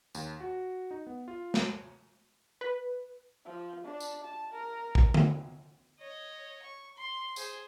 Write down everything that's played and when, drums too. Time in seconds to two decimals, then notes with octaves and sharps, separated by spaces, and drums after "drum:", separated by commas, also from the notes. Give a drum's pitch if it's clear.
0.15 D#2, drum: tambourine
0.40 F#4
0.91 D#4
1.07 B3
1.28 F4
1.54 C#5, drum: snare
2.61 B4
3.45 F3
3.84 D4
4.00 drum: tambourine
4.24 A5
4.53 A#4
4.95 drum: kick
5.14 drum: tom D3
6.00 C#5 D#5
6.62 C#6
6.96 C6
7.36 G#4 C5, drum: tambourine